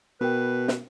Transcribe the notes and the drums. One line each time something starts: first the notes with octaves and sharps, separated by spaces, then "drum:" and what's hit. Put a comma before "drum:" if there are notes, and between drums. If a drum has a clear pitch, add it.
B2 A#4 B4 G5
drum: snare